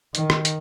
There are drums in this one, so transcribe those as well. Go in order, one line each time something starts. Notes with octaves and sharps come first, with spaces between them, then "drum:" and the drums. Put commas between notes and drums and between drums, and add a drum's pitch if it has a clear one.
D#3, drum: hi-hat
drum: rim click
drum: hi-hat